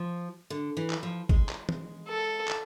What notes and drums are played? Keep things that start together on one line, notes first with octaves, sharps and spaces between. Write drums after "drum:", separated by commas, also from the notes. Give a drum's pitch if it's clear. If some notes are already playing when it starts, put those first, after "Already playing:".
Already playing: F3
D3
E3
drum: clap
F3
G#3, drum: kick
drum: clap
drum: tom
A4
drum: clap